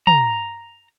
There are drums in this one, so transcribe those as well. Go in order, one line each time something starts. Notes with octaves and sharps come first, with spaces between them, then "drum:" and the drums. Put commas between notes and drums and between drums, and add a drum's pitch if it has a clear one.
A#5, drum: tom